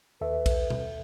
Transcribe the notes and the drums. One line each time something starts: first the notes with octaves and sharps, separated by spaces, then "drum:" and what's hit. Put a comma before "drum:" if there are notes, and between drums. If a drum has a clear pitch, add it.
D#2 A4 B4 E5
drum: kick A#1, cymbal
drum: tom B2